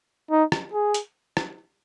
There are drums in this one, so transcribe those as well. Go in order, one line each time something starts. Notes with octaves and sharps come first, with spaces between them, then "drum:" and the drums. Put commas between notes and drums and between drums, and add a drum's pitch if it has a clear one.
D#4
drum: rim click
G#4
drum: hi-hat
drum: rim click